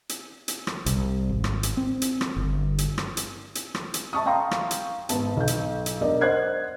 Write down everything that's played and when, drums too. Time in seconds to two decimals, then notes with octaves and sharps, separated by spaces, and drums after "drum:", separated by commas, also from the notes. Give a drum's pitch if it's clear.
0.09 drum: hi-hat
0.48 drum: hi-hat
0.67 drum: rim click
0.86 C2, drum: hi-hat
1.29 G#1
1.44 drum: rim click
1.63 drum: hi-hat
1.77 C4
2.02 drum: hi-hat
2.21 drum: rim click
2.37 G1
2.78 drum: hi-hat
2.98 drum: rim click
3.17 drum: hi-hat
3.55 drum: hi-hat
3.75 drum: rim click
3.94 drum: hi-hat
4.13 E5 A5 C#6 D#6
4.26 F5 G5 A#5 C6 C#6 D#6
4.51 drum: rim click
4.71 drum: hi-hat
5.09 G#1 B3 A5, drum: hi-hat
5.37 B1 G6
5.47 drum: hi-hat
5.86 drum: hi-hat
6.01 B3 D4 A#4 D5 D#5
6.21 C5 D#5 F#5 F#6 G#6 C7